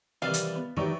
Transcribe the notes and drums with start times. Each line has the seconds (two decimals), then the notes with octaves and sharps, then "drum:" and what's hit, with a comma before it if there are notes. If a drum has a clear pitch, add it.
0.22 C3 D#3 E3 G3 F5 A6
0.34 drum: hi-hat
0.56 B3
0.77 D#3 E3 F#3 G4 D5 C#6